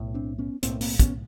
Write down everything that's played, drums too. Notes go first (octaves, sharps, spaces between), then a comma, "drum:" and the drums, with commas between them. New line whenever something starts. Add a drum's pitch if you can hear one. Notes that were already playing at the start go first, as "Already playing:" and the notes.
Already playing: B1 A2
C4 D4
B3 C#4
B1 A2 A#3 C4, drum: hi-hat
A#3 C4, drum: open hi-hat
B3 C#4, drum: kick, hi-hat